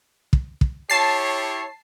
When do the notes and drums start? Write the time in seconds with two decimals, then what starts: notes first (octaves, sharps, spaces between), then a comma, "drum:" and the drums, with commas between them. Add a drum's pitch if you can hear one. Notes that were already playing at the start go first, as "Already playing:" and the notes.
0.33 drum: kick
0.61 drum: kick
0.90 E4 G4 C#5 A5 C7